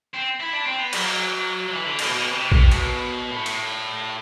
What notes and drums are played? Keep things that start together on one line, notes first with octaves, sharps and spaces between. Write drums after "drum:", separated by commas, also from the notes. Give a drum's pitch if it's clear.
C4
E4
D4
C4
B3
F#3, drum: cymbal
F#3
E3
D3
B2, drum: cymbal
B2
C3
C3, drum: kick A1
B2, drum: cymbal
A2
drum: cymbal